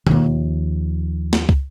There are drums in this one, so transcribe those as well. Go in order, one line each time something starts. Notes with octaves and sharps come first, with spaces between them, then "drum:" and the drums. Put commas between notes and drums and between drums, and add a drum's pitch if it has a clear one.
D#2 F3, drum: tom B2
drum: snare
drum: kick